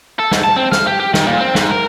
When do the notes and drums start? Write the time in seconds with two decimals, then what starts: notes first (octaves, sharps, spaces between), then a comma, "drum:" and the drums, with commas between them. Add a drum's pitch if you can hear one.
0.19 A4
0.31 G#2, drum: snare
0.44 A5
0.56 C4
0.72 F5, drum: snare
0.87 G4
1.00 G4
1.14 D#3, drum: snare
1.27 A#2
1.40 C4
1.55 G#2, drum: snare
1.71 A#4